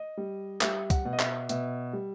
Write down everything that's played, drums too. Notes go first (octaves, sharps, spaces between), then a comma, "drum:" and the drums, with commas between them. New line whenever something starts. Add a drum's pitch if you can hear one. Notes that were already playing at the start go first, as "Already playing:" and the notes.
Already playing: D#5
G3
G3 E5, drum: clap
F#5, drum: kick, hi-hat
B2
D#5
E5, drum: clap
B2 E5, drum: hi-hat
G3